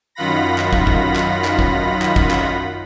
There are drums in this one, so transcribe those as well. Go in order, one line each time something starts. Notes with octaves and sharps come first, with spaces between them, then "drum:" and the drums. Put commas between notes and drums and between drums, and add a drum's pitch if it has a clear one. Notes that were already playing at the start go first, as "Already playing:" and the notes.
F#2 D#3 F4 F#5 B5 A#6
drum: clap
drum: kick
drum: kick
drum: clap
drum: clap
drum: kick
drum: clap
drum: kick
drum: clap